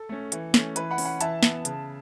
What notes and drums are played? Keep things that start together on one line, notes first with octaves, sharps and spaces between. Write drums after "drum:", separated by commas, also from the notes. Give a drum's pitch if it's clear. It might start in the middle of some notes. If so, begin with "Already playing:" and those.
Already playing: A4
A3 C#4
E3, drum: hi-hat
A3 C#4, drum: snare
E3 B4, drum: hi-hat
F#5 B5
C#4, drum: open hi-hat
F#5 B5
E3 E5 A5, drum: hi-hat
B3, drum: snare
C#3, drum: hi-hat